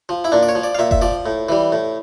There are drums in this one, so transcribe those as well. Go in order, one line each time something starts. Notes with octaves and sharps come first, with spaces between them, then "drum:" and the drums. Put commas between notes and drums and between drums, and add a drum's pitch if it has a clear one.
F3
E4
A#2 D4
D5
C#5
F3
D5
F5
A#2 E5
E5, drum: kick F#1
F3 D5
A2
E3 G3
A2